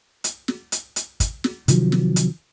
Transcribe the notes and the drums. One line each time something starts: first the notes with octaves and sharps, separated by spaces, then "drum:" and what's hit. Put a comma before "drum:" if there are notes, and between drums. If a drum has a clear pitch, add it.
drum: hi-hat
drum: snare
drum: hi-hat
drum: hi-hat
drum: kick, hi-hat
drum: snare
C3 D#3 F3 F#3, drum: hi-hat
drum: snare
drum: hi-hat